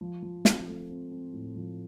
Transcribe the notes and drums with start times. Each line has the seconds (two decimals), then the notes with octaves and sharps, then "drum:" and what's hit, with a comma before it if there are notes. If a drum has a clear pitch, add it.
0.01 F3
0.22 F3
0.45 C4, drum: snare
0.67 A3
0.89 C4
1.11 C4
1.33 A2
1.56 F3